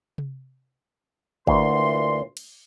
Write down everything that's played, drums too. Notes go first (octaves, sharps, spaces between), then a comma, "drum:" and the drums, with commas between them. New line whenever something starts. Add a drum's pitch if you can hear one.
drum: tom C3
D2 A#2 E3 C6, drum: kick
drum: cymbal